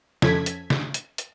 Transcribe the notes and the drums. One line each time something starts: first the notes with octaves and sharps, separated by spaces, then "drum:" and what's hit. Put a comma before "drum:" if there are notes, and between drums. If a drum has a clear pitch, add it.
F2 F3 C#4 A4 G#6 B6, drum: snare
drum: hi-hat
drum: snare
drum: hi-hat
drum: hi-hat